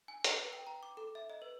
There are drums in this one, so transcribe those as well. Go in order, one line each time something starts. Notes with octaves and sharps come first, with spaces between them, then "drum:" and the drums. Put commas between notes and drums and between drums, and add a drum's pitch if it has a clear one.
G#5
A#5, drum: hi-hat
B4
G5
A#5
D6
A4
E5
D#5
B4